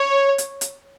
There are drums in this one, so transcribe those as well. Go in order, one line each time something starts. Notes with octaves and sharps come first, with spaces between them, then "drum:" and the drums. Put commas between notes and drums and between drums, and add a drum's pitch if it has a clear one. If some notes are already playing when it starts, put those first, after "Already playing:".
Already playing: C#5
drum: hi-hat
drum: hi-hat